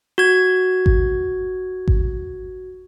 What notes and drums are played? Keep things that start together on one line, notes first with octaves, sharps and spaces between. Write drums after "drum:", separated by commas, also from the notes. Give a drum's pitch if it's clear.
F#4 G#6
drum: kick G#1
drum: kick G#1